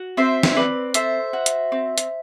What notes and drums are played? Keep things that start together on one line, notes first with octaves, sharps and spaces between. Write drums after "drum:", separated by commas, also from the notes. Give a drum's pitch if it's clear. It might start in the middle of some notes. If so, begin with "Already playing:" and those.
Already playing: F#4
C4 C5 E5
drum: snare
C4 B4 D5
A4 C5 E5, drum: hi-hat
F#4
drum: hi-hat
C4
drum: hi-hat